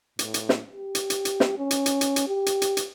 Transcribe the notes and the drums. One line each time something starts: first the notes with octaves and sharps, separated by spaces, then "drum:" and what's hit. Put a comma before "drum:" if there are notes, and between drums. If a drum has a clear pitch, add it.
A2, drum: hi-hat
drum: hi-hat
drum: snare
G4
drum: hi-hat
drum: hi-hat
drum: hi-hat
drum: snare
C#4
drum: hi-hat
drum: hi-hat
drum: hi-hat
drum: hi-hat
G4
drum: hi-hat
drum: hi-hat
drum: hi-hat